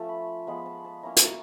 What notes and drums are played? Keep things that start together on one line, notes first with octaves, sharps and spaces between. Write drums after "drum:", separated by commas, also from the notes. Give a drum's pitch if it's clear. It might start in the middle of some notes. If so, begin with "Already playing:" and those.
Already playing: F3 A3 C#4 F4 A5
B5
F3 G#3 B3 B5
A5
A5
A#3 C#4 E4 A#5
drum: hi-hat